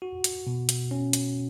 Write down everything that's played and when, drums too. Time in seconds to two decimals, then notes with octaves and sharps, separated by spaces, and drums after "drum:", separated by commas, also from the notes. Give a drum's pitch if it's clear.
0.02 F#4
0.24 drum: hi-hat
0.47 B2
0.69 drum: hi-hat
0.91 C#4
1.13 drum: hi-hat